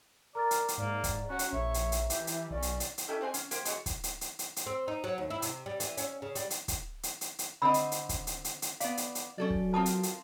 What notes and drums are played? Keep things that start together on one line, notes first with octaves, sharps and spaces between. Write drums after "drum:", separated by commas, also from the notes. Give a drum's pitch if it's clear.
A#4 D5 A#5 F6 A6
drum: hi-hat
drum: hi-hat
G#2 A#3 D5 A#5
drum: kick, hi-hat
C#4 F#4
drum: hi-hat
A#1 C#5 E5
drum: hi-hat
drum: hi-hat
E3 G4, drum: hi-hat
drum: hi-hat
B1 C#4 D5
drum: hi-hat
drum: hi-hat
drum: hi-hat
C#4 E4 G4 A4
C4 C5 F#5 G#5
C#4, drum: hi-hat
A#3 G4 C5, drum: hi-hat
B2 G#3 C#4 C#5, drum: hi-hat
drum: kick, hi-hat
drum: hi-hat
drum: hi-hat
drum: hi-hat
drum: hi-hat
C4
D#4
F#3
D#2
E4
C3, drum: hi-hat
G3
E3, drum: hi-hat
C#4, drum: hi-hat
C#3
G3, drum: hi-hat
drum: hi-hat
drum: kick, hi-hat
drum: hi-hat
drum: hi-hat
drum: hi-hat
D3 C4 D#5 B5 E6
drum: hi-hat
drum: hi-hat
drum: kick, hi-hat
drum: hi-hat
drum: hi-hat
drum: hi-hat
B3 D5 F5, drum: hi-hat
drum: hi-hat
drum: hi-hat
F#3 C#4 A4 D5
drum: kick
C4 F4 A#4 A5 D#6
drum: hi-hat
drum: hi-hat